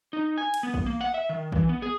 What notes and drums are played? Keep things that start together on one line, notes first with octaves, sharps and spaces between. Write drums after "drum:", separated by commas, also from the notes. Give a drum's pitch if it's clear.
D#4
G#5
drum: cymbal
B3
drum: kick A1
A#3
F#5
E5
D#3
E3, drum: kick A1
B3
G#4